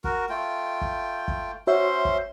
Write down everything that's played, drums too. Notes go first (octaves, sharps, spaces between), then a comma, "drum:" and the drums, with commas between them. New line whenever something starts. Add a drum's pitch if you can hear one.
F#4 A#4, drum: kick
A3 F4 G5
drum: kick
drum: kick
C#4 F#4 C5 C#5 E5 C6
drum: kick